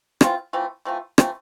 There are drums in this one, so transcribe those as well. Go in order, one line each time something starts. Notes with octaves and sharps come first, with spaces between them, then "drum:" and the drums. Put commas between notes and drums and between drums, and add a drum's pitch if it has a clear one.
E3 A3 C4 F4, drum: rim click
E3 A3 C4 F4
E3 A3 C4 F4
E3 A3 C4 F4, drum: rim click